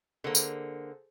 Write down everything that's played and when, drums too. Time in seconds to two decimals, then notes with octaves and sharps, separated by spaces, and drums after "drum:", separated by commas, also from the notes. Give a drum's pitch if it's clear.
0.24 D3 A#3 G#4 A4 C5
0.35 drum: tambourine